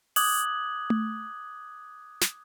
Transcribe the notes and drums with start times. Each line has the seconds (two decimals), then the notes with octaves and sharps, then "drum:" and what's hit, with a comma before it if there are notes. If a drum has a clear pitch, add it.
0.16 D6 D#6 F#6 G#6 F#7, drum: open hi-hat
0.90 drum: tom A3
2.22 drum: snare